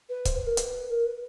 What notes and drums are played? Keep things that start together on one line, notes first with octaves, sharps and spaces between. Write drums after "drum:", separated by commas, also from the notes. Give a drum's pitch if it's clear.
B4
C5, drum: kick, hi-hat
B4
A#4
B4, drum: hi-hat
A#4
B4